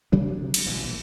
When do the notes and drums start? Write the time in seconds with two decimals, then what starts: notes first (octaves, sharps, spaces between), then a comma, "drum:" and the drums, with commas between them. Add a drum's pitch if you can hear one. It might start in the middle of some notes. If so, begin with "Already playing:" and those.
0.12 D2 C3 F#3 D4
0.54 C3 G3, drum: cymbal
0.66 A1 B2 D3
0.84 A#1 E3